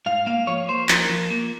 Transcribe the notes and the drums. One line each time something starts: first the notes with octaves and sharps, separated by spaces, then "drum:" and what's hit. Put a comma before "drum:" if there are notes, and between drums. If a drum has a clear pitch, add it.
G#2 F5
A#3 F5
F3 C#5
A#3 C5
F3 A#4, drum: clap
F3
A#3